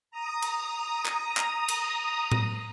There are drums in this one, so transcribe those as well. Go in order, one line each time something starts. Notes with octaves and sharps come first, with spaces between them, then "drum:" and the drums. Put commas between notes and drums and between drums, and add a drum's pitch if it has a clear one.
A#5 D#6
drum: cymbal
drum: clap
drum: clap
drum: cymbal
drum: tom A2